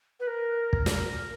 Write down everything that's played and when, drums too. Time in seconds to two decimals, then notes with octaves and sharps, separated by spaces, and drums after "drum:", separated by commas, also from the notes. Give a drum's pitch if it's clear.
0.20 B4
0.27 A#4
0.73 drum: kick
0.86 drum: snare